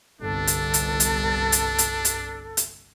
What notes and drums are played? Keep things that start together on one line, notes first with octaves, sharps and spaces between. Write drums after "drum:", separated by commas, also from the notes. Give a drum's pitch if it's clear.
G1 C2 D4 A4
drum: hi-hat
drum: hi-hat
drum: hi-hat
drum: hi-hat
drum: hi-hat
drum: hi-hat
drum: hi-hat